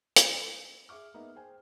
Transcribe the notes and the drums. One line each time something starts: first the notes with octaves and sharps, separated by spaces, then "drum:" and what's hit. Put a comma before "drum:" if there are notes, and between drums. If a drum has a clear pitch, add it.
drum: hi-hat
G#4 E5 D6 F6
A#3 B3 D#4 G#4 E5
G#4 C5 G5 G#5